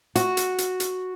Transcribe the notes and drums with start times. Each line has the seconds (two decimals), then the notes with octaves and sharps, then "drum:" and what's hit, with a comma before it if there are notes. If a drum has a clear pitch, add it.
0.15 F#4, drum: hi-hat
0.37 drum: hi-hat
0.58 drum: hi-hat
0.80 drum: hi-hat